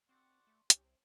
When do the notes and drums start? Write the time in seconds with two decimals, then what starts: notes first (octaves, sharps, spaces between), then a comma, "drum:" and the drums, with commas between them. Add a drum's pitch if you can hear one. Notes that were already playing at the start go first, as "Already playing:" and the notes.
0.09 C4 D5 F#5 C6 C#6
0.47 A3
0.70 C2 C#4 D#4 G4, drum: hi-hat
0.83 C4 C#5